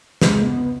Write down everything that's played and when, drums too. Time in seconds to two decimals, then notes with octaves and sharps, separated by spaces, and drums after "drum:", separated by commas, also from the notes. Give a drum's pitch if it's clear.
0.22 G#3, drum: snare
0.42 A#3
0.46 B3